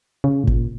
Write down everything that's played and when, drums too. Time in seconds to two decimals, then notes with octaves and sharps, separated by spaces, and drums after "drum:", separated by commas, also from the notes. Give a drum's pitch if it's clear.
0.24 C#3
0.44 A2
0.47 A#2, drum: kick G1